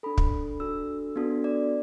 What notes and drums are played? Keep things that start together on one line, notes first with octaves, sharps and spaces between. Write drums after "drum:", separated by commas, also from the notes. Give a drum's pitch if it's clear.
D4 A4 B5
drum: kick
D4 F#4 A4 E6
B3 D4 F#4 A4
D5